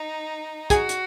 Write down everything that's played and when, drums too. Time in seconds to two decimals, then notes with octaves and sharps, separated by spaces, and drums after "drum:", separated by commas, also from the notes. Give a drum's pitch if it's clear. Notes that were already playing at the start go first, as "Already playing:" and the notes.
Already playing: D#4
0.70 F#4 G#4 G#5, drum: kick, hi-hat
0.89 drum: hi-hat